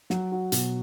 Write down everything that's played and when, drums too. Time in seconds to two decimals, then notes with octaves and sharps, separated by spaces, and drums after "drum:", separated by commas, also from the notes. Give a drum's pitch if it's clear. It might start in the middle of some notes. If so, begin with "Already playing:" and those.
0.10 F#3, drum: snare
0.32 F#4
0.52 B2, drum: hi-hat